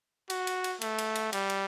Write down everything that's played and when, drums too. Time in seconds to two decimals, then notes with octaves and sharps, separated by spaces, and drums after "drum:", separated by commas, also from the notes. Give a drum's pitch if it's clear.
0.30 F#4, drum: cymbal
0.47 drum: cymbal
0.64 drum: cymbal
0.81 A3, drum: cymbal
0.98 drum: cymbal
1.15 drum: cymbal
1.33 G3, drum: cymbal
1.50 drum: cymbal